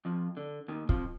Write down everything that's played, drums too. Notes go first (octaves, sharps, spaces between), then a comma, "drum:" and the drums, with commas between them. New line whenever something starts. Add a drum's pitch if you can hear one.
F2 F3
D3
D#2 D#3
F2 F3, drum: kick